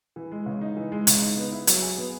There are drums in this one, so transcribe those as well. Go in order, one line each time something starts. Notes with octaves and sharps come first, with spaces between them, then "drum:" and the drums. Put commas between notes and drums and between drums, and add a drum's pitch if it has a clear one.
E3
G#3
C#3
D#4
E3
G#3
C#3, drum: hi-hat
D#4
B3
E4
F#3, drum: hi-hat
G#4
B3